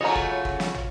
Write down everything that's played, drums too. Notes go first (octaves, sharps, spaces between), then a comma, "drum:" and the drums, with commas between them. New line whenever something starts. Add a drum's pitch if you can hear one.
C#3 F#3 A3 F4 F#4 C#5 D#5 A#5
drum: kick
drum: kick
drum: snare
drum: tom